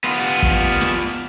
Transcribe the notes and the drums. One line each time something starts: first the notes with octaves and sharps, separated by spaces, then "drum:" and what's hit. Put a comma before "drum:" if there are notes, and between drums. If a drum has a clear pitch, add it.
B3 F4
drum: kick
drum: snare